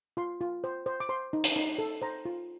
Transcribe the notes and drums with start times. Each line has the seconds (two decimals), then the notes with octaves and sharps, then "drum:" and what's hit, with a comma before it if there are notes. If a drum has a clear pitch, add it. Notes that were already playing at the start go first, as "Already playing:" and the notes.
0.17 F4 C6
0.41 F4
0.64 C5
0.86 C5
1.00 D6
1.09 C5 C6
1.33 D#4
1.44 drum: hi-hat
1.56 D#4
1.78 A4
2.02 C5 A#5
2.25 F4